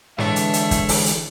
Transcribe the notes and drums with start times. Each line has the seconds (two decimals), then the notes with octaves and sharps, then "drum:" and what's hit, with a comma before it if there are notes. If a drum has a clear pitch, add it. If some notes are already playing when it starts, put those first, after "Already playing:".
0.18 D3 E3 G#3 D4 C#5 E5, drum: snare
0.36 drum: hi-hat
0.53 drum: hi-hat
0.71 drum: kick, hi-hat
0.89 drum: open hi-hat
1.06 drum: hi-hat